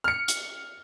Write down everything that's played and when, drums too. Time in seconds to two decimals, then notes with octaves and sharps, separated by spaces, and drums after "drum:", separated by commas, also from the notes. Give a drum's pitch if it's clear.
0.04 F6 C#7
0.28 drum: hi-hat